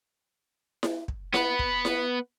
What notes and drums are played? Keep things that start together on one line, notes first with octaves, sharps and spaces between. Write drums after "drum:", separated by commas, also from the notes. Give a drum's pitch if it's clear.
drum: snare E4
drum: kick
B3 B4, drum: snare E4
drum: kick
drum: snare E4